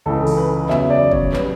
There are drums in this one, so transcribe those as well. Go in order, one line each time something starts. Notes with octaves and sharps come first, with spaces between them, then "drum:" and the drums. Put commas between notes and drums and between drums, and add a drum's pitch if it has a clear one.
C#2 C#3 E3 A4
drum: open hi-hat
B4
E2 C#3 F#3 C#4 E5, drum: clap
D5
C#5, drum: kick
C#3 G3 B4, drum: clap